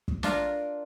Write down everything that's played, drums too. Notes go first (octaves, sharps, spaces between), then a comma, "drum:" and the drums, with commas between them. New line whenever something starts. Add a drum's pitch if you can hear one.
drum: kick
D4 F4 A#4, drum: snare